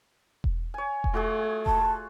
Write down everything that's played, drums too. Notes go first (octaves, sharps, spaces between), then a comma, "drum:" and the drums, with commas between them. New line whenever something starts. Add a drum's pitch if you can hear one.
drum: kick E1
C#5 G#5
drum: kick E1
A3 F4 F#4 G#4
A5, drum: kick E1